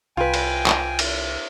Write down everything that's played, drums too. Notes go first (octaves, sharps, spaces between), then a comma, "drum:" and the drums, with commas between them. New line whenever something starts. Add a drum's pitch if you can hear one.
C2 F4 B4 G5 G#5
drum: cymbal
drum: clap
drum: cymbal